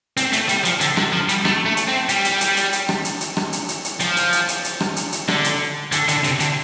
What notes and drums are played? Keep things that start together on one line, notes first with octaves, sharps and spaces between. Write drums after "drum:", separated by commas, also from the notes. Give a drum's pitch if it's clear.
C4, drum: hi-hat
A3, drum: hi-hat
G3, drum: hi-hat
F3, drum: hi-hat
D3, drum: hi-hat
D3, drum: rim click
F3
G3, drum: hi-hat
A3, drum: rim click
A3
drum: hi-hat
C4
G3, drum: hi-hat
drum: hi-hat
drum: hi-hat
drum: hi-hat
drum: hi-hat
drum: rim click
drum: hi-hat
drum: hi-hat
drum: rim click
drum: hi-hat
drum: hi-hat
drum: hi-hat
F3, drum: hi-hat
drum: hi-hat
drum: hi-hat
drum: hi-hat
drum: hi-hat
drum: rim click
drum: hi-hat
drum: hi-hat
D3, drum: rim click
drum: hi-hat
D3, drum: hi-hat
D3, drum: hi-hat
C3, drum: hi-hat
D3, drum: hi-hat